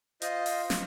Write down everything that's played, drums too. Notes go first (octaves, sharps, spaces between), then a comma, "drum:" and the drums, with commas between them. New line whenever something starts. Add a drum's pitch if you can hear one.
F4 C5 D#5, drum: hi-hat
drum: open hi-hat
drum: snare